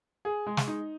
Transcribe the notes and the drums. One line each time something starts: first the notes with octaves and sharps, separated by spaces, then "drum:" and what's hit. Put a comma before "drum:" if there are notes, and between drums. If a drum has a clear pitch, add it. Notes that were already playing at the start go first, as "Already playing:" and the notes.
G#4
G#3
drum: snare
D#4